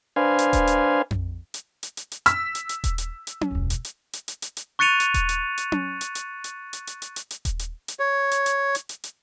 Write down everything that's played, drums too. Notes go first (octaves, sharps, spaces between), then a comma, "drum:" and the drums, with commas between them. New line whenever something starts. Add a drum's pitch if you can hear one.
D4 B4 C5 F5 G#5
drum: hi-hat
drum: kick D#1, hi-hat
drum: hi-hat
drum: tom F2
drum: hi-hat
drum: hi-hat
drum: hi-hat
drum: hi-hat
E6 B6, drum: hi-hat
drum: hi-hat
drum: hi-hat
drum: kick D#1, hi-hat
drum: hi-hat
drum: hi-hat
drum: tom C#4
E1 C#2
drum: hi-hat
drum: hi-hat
drum: hi-hat
drum: hi-hat
drum: hi-hat
drum: hi-hat
C#6 F#6 A6 C#7 D#7 F7
drum: hi-hat
drum: kick D#1, hi-hat
drum: hi-hat
drum: hi-hat
drum: tom C#4
drum: hi-hat
drum: hi-hat
drum: hi-hat
drum: hi-hat
drum: hi-hat
drum: hi-hat
drum: hi-hat
drum: hi-hat
drum: kick D#1, hi-hat
drum: hi-hat
drum: hi-hat
C#5
drum: hi-hat
drum: hi-hat
drum: hi-hat
drum: hi-hat
drum: hi-hat